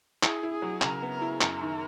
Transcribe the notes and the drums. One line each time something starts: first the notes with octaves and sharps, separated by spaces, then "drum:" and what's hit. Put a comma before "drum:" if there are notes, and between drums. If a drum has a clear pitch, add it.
E4 G#4, drum: clap
E4
G#4
F#3
C#3 A#4, drum: clap
B3
A#4
E4
F#2 A#4, drum: clap
D#3